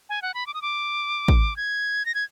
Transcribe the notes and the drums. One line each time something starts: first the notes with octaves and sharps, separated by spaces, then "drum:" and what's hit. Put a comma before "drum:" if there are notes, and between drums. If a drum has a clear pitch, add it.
G#5
F#5
B5
D6
D#6
D6
drum: kick A1
G#6
A#6
G#6